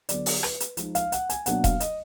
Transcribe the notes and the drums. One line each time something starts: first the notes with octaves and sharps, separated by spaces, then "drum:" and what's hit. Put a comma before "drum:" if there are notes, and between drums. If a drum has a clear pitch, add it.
D3 F#3 B3 D5, drum: hi-hat
drum: open hi-hat
B4, drum: rim click
drum: hi-hat
F3 G#3 D#4, drum: hi-hat
F5, drum: hi-hat
F#5, drum: hi-hat
G#5, drum: hi-hat
B2 F#3 A#3 D4 F#5, drum: hi-hat
F5, drum: kick E1, hi-hat
D#5, drum: hi-hat